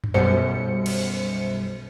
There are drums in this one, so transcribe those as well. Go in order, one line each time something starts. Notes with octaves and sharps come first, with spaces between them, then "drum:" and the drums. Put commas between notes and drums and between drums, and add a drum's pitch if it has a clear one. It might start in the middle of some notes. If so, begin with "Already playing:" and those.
drum: tom F#2
B1 F#2 B2 G3 C5 C#7
drum: cymbal